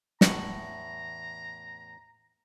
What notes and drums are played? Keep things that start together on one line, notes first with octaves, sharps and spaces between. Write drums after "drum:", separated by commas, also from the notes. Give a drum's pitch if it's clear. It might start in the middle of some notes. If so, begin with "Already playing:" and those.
E2 A2 F#5 A#5, drum: snare